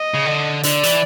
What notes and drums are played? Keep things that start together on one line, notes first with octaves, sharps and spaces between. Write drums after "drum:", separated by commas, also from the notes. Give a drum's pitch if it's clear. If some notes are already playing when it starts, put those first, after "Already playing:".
Already playing: D#5
C#3
D3
D3 D5, drum: hi-hat
E3, drum: hi-hat